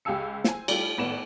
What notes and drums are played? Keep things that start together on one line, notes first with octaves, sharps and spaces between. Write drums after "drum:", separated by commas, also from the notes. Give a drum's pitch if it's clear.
C#2 G4 F5 G#5 E6 C#7
C5 G#5, drum: snare
G3 A3 F4 G4, drum: cymbal
G#1 A2 B3 D5 F#5 E7